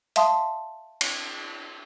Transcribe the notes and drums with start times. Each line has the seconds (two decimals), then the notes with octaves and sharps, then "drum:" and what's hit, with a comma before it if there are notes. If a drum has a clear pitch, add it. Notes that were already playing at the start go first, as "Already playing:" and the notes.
0.16 E5 F5 A5 C6 D#6, drum: hi-hat
1.01 drum: cymbal